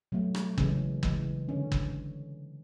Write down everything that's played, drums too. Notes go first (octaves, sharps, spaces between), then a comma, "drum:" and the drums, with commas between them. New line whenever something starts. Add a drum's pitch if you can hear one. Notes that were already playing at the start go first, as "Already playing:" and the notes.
B2 F#3 A3
drum: rim click
C#3 E3 G#3 C#4, drum: kick
C#3 E3 G#3, drum: kick
D3 G#3 C#4
drum: kick